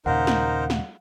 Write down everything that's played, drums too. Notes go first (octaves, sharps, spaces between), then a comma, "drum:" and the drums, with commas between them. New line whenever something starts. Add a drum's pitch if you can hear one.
D#2 A#2 C#3 D#4 A#4 C5 F5 F#5
drum: snare
drum: snare